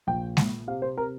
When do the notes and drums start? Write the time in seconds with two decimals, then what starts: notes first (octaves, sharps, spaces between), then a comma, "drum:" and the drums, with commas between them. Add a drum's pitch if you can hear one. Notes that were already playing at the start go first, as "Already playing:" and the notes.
0.07 A#1 G5
0.37 A#2, drum: snare G#3
0.67 C3 F5
0.82 C5
0.97 C3 A#4